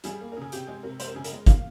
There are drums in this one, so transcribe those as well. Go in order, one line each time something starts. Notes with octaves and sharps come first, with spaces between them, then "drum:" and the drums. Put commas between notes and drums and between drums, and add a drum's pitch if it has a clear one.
G3 G#4, drum: hi-hat
A#3
C#3 A#4
G#4
C3 G4, drum: hi-hat
G#3 G#4
C3 A#4
G#3 C5, drum: hi-hat
A#4
C#3 G#4
A#4, drum: hi-hat
G#3
A#3 F5, drum: kick, hi-hat